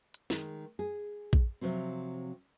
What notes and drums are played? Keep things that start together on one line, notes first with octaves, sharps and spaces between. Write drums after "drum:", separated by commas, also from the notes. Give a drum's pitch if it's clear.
drum: hi-hat
D#3 G#3, drum: snare
G#4
drum: kick A#1
C3 F3 F#3 C4